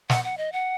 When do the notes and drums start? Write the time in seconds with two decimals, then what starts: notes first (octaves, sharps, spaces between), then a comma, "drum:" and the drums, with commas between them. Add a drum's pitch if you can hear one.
0.10 F#5, drum: snare
0.24 F#5
0.38 D#5
0.52 F#5